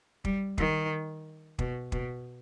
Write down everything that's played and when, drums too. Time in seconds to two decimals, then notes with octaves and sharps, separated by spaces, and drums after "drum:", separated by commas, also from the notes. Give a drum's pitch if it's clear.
0.25 G3, drum: kick
0.58 D#3, drum: kick
1.59 B2, drum: kick
1.92 B2, drum: kick